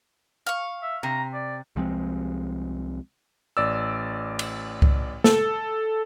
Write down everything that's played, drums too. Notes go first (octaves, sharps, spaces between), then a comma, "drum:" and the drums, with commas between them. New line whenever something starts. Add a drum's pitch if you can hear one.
F5 C#6
E5
C3 A#5
D5
C2 F3 G#3 C4
A1 D5 E6
drum: cymbal
drum: kick C2
A4, drum: snare